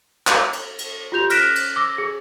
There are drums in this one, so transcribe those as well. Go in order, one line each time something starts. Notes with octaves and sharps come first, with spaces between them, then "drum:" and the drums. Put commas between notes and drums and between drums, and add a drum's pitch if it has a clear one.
drum: clap
drum: cymbal
drum: cymbal
F4 G4 G6 F7
F6 F#6 A#6 B6 D7 E7, drum: cymbal
drum: cymbal
D6 E6 A#6
G#4